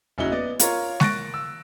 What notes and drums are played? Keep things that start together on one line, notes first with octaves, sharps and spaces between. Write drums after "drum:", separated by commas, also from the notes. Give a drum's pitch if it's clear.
F#1 C#4 D#4 E4 F#4 G7
B3 D5 D#5
F4 A#4 C#5, drum: hi-hat
C#6 F#6 A6 A#6 D7, drum: snare G#3
E6